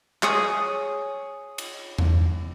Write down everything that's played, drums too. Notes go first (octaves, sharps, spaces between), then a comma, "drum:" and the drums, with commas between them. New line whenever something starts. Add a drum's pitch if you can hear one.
G#4 C#5 D#6, drum: clap
drum: cymbal
drum: tom E2